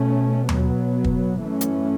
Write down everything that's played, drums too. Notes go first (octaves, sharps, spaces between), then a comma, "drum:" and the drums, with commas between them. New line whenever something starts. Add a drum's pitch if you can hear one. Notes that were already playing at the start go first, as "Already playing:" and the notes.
Already playing: B2 A3 C#4
B2 F#3 B3, drum: tom D#2
drum: kick
F#2 E3 A3 C#4
drum: hi-hat